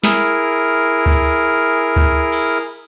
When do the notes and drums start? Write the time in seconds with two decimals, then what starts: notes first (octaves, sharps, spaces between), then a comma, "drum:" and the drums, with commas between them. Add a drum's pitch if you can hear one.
0.04 E4 G#4 A#4 F6, drum: snare
1.06 drum: kick C#2
1.96 drum: kick C#2
2.32 drum: cymbal